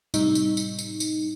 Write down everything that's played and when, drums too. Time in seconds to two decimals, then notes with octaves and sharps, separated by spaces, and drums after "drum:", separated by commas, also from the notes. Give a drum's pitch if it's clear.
0.14 A2 C3 G3 D#4, drum: tambourine
0.35 drum: tambourine
0.57 drum: tambourine
0.79 drum: tambourine
1.00 drum: tambourine